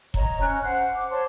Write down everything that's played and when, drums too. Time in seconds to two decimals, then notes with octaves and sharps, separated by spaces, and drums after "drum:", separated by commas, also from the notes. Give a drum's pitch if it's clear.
0.14 C#5 D#5 A#5, drum: kick E1
0.41 C#4 F#6
0.62 C5 F#5
0.91 D6
1.10 C5 C#5 A5 C6